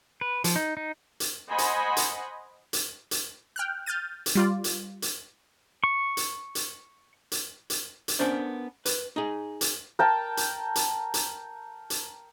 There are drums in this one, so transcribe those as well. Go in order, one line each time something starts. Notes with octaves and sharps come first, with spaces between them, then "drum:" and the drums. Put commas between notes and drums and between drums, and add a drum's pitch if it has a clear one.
B4
F3, drum: hi-hat
D#4
D#4
drum: hi-hat
C5 D#5 F#5 G#5 B5
drum: hi-hat
drum: hi-hat
drum: hi-hat
drum: hi-hat
G5 F6 F#6
F6 G6 A6 D#7
drum: hi-hat
G3 F4 D5
drum: hi-hat
drum: hi-hat
C#6
drum: hi-hat
drum: hi-hat
drum: hi-hat
drum: hi-hat
drum: hi-hat
B3 C#4 D4 A#4 C5 D5
B4, drum: hi-hat
D#4 G#4
drum: hi-hat
A#4 G5 A5
drum: hi-hat
drum: hi-hat
drum: hi-hat
drum: hi-hat